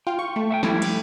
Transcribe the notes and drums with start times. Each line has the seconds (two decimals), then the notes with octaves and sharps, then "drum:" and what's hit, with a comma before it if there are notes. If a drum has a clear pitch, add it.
0.07 F4 G5
0.19 C#6
0.36 A3
0.51 E5 F#5 G5
0.63 F3 G3 E4, drum: snare
0.82 drum: cymbal